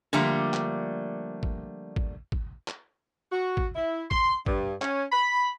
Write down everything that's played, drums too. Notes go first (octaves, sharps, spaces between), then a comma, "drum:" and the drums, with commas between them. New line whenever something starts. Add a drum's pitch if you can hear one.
D3 F3 G3 A3 A#3
drum: clap
drum: kick
drum: kick
drum: kick
drum: clap
F#4
drum: kick
E4
C6, drum: kick
G2, drum: kick
C#4, drum: clap
B5